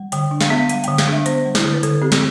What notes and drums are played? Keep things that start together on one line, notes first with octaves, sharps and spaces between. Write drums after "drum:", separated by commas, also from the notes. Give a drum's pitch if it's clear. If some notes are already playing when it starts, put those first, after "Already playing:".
Already playing: G3
D3 G5, drum: hi-hat
D4
F5, drum: snare
B3 E5
F5
G3 F5, drum: hi-hat
D3 G5, drum: hi-hat
F5, drum: snare
D4 E5
B3 C5, drum: hi-hat
G3
E4, drum: snare
D3
B4
D3 A4, drum: hi-hat
C4 G4
drum: snare